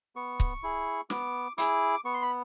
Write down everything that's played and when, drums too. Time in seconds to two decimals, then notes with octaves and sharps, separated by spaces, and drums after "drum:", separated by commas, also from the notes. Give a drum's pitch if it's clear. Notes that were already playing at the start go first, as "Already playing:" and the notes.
0.16 B3 C#6
0.40 drum: kick C#1
0.63 E4 G#4
1.10 B3 D6, drum: snare
1.58 E4 G#4 D6, drum: hi-hat
2.05 B3 C#6
2.14 C6
2.22 B5